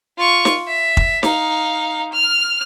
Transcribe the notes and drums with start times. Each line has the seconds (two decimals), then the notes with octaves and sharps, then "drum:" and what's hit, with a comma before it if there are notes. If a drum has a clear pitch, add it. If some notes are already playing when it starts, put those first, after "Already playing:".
0.17 F4 C#6
0.45 drum: snare
0.68 E5
0.97 drum: kick
1.23 D#4 F5, drum: snare
2.13 F6